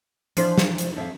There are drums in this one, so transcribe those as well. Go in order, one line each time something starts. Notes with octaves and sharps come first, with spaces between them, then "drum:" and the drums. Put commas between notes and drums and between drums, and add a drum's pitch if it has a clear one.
E3 F3 D4 C5, drum: hi-hat
drum: snare
drum: hi-hat
F2 E5 F5